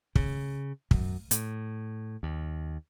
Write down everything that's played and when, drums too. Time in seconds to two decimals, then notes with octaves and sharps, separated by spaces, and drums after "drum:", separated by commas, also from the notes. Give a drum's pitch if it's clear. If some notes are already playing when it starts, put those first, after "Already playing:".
0.15 C#3, drum: kick
0.91 F#2, drum: kick
1.31 A2, drum: hi-hat
2.23 D#2